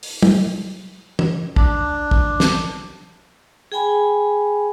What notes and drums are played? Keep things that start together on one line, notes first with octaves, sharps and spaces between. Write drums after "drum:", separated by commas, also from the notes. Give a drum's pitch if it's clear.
drum: open hi-hat
drum: tom
drum: tom
D4, drum: kick
drum: kick
drum: snare
G#4 G5 G#5 B5